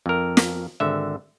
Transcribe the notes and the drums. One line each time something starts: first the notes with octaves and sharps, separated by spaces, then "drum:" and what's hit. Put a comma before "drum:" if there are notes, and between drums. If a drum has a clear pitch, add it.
F2 A#4
drum: snare
G#1 D3 E5